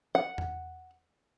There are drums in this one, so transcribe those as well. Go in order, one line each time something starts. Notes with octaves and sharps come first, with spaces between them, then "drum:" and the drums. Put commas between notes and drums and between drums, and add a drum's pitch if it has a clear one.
F#5
drum: tom E2